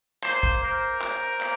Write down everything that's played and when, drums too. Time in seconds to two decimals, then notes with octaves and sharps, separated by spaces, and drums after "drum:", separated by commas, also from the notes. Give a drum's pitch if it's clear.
0.23 A#3 C5, drum: clap
0.43 drum: kick
0.62 A#4 C5
1.01 C5, drum: clap
1.41 A#3, drum: clap